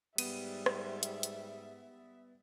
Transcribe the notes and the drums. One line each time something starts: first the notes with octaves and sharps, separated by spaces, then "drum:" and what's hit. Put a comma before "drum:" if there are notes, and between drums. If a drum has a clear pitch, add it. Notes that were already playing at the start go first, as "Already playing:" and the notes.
G#2 G3 B3 E5 D#7, drum: cymbal
drum: rim click
drum: hi-hat
drum: hi-hat